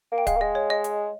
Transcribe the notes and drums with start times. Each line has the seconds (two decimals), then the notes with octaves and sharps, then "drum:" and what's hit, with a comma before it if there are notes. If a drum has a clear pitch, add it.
0.12 A#3
0.18 G5
0.27 G#3 F5, drum: kick D1, hi-hat
0.37 A#3
0.41 G#3 D#5
0.55 C#5
0.70 D#5
0.84 drum: hi-hat